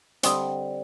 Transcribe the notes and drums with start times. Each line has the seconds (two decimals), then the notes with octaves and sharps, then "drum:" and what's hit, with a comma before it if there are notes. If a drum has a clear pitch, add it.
0.23 D3 G3 C4 D#5, drum: hi-hat